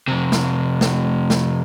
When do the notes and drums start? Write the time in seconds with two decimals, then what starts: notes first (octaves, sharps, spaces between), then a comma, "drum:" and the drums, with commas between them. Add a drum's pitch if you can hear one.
0.08 F2 C3
0.32 drum: snare
0.81 drum: snare
1.30 drum: snare